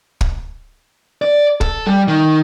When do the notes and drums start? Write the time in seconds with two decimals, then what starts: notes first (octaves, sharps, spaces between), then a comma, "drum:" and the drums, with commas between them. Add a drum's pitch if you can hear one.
0.21 drum: kick
1.22 D5
1.61 A4, drum: kick
1.87 G3
2.08 D#3